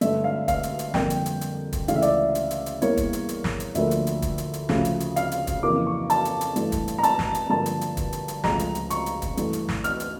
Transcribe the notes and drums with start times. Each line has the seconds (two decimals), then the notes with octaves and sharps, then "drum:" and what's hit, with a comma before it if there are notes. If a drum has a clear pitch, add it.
0.01 G2 D3 A3 E5, drum: hi-hat
0.24 F5
0.48 F5, drum: kick, hi-hat
0.63 drum: hi-hat
0.79 drum: hi-hat
0.94 F2 D3 G3 A#3 G5, drum: snare
1.10 drum: hi-hat
1.26 drum: hi-hat
1.41 drum: hi-hat
1.73 drum: kick, hi-hat
1.88 C#2 C#3 E3 A3 F5, drum: hi-hat
1.96 E5
2.02 D5, drum: hi-hat
2.11 E5
2.35 drum: hi-hat
2.51 drum: hi-hat
2.66 drum: hi-hat
2.82 E2 E3 G3 A#3 C#5, drum: hi-hat
2.97 drum: kick, hi-hat
3.13 drum: hi-hat
3.29 drum: hi-hat
3.44 drum: snare
3.60 drum: hi-hat
3.75 D2 D3 F3 A#3 E5, drum: hi-hat
3.91 drum: hi-hat
4.07 drum: hi-hat
4.22 drum: kick, hi-hat
4.38 drum: hi-hat
4.53 drum: hi-hat
4.69 D2 C#3 F3 A3, drum: snare
4.85 drum: hi-hat
5.00 drum: hi-hat
5.16 F5, drum: hi-hat
5.32 drum: hi-hat
5.47 drum: kick, hi-hat
5.63 F2 C#3 E3 A#3 D6
5.87 C#6
6.10 A5, drum: hi-hat
6.25 drum: hi-hat
6.41 drum: hi-hat
6.56 G2 E3 A3, drum: hi-hat
6.72 drum: kick, hi-hat
6.88 drum: hi-hat
6.98 A#5
7.03 A5, drum: hi-hat
7.19 drum: snare
7.34 drum: hi-hat
7.50 G2 D3 F3 A#3 A5
7.66 drum: hi-hat
7.81 drum: hi-hat
7.97 drum: kick, hi-hat
8.13 drum: hi-hat
8.28 drum: hi-hat
8.44 C#2 C#3 F3 A3 A#5, drum: snare
8.59 drum: hi-hat
8.75 drum: hi-hat
8.90 C#6, drum: hi-hat
9.06 drum: hi-hat
9.22 drum: kick, hi-hat
9.37 G2 E3 A3, drum: hi-hat
9.53 drum: hi-hat
9.69 drum: snare
9.84 F6, drum: hi-hat
10.00 drum: hi-hat